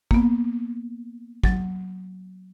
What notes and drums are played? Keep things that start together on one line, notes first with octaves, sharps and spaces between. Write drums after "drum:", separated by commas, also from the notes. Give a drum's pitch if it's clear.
A#3 B3, drum: kick
F#3 A6, drum: kick